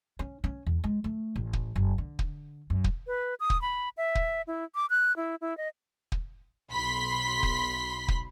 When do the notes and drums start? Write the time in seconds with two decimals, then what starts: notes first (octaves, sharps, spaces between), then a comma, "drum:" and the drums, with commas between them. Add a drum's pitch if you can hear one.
0.19 C#4
0.44 C#4
0.67 E2
0.84 G#3
1.04 A3
1.36 A1
1.53 drum: kick
1.76 F#1
1.98 D3
2.19 drum: kick
2.70 F#2
2.84 drum: kick
3.07 B4
3.40 D#6
3.50 drum: kick
3.62 B5
3.97 E5
4.15 drum: kick
4.47 E4
4.75 D6
4.90 F#6
5.17 E4
5.41 E4
5.57 D#5
6.12 drum: kick
6.72 B1 B5 C6 B6
7.43 drum: kick
8.08 drum: kick